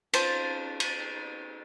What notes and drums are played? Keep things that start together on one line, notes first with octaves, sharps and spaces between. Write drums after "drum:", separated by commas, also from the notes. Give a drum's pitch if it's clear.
F4 C5 A5, drum: cymbal
drum: cymbal